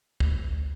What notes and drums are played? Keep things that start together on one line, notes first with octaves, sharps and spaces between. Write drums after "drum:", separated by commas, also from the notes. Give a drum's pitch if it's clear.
D2, drum: kick